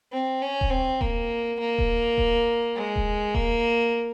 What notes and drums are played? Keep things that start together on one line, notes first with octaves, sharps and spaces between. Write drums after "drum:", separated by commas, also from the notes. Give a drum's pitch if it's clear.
C4
C#4
drum: kick D#1
C4
A#3, drum: kick D#1
A#3
drum: kick D#1
drum: kick D#1
G#3
drum: kick D#1
A#3, drum: kick D#1